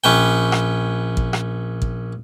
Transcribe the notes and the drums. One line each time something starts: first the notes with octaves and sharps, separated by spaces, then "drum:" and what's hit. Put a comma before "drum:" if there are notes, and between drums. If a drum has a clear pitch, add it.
A#1 C#4 B4 G5
drum: rim click
drum: kick
drum: rim click
drum: kick